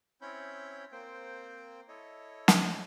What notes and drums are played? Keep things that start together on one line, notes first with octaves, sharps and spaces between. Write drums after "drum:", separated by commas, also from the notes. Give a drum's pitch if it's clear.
C4 C#4 E4 C#5 B5 G6
A#3 C4 C5 G5
E4 A4 C#5 D#5
drum: snare